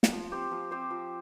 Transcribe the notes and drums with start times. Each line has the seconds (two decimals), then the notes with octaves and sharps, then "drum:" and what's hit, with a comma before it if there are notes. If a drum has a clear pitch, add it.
0.03 drum: snare
0.12 F3
0.32 C4 G4 C5
0.51 F3
0.71 C4 G4 C5
0.91 F3